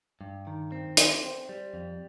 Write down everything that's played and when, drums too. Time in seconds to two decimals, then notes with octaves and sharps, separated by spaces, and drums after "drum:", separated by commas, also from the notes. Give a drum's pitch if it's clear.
0.21 G2
0.47 D#3
0.72 C4
0.97 C5, drum: hi-hat
1.23 C4
1.49 G3
1.74 F2